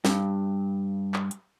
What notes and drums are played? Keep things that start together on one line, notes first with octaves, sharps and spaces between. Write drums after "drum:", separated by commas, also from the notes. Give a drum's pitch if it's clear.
G2, drum: snare
drum: clap
drum: hi-hat